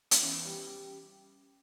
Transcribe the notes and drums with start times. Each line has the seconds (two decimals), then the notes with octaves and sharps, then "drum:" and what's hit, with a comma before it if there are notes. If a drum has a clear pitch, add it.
0.11 B3, drum: hi-hat
0.22 E3 C#4
0.45 G3
0.67 G4